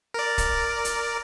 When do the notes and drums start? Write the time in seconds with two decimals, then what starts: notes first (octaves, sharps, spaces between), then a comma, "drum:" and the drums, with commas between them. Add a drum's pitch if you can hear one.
0.14 A#4 D5
0.38 drum: kick, hi-hat
0.85 drum: hi-hat